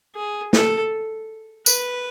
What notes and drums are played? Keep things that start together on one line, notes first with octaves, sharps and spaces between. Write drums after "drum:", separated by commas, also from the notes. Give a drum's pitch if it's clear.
G#4
A4, drum: snare
B4, drum: tambourine